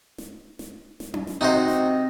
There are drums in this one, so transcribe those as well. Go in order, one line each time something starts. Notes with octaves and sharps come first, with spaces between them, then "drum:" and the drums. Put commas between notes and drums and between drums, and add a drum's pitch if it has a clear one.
drum: snare
drum: snare
drum: snare
drum: tom C#4
drum: snare
C3 D#4 F#4 C5 D#5
drum: snare